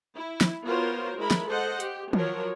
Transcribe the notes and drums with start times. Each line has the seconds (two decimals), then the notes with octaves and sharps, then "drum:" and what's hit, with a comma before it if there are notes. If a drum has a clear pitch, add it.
0.15 E4
0.41 drum: snare
0.64 B3 F4 F#4 A#4 C5 C#5
1.18 G#3 E4 A#4 B5
1.31 drum: snare
1.48 A4 C5 D#5 F#5
1.80 G4, drum: hi-hat
2.13 F3 F#3 A#4 C#5, drum: tom